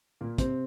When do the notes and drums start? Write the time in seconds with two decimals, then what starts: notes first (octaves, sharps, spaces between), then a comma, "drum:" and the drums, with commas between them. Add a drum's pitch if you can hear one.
0.21 A#2 A#3
0.38 C3 C4, drum: kick, hi-hat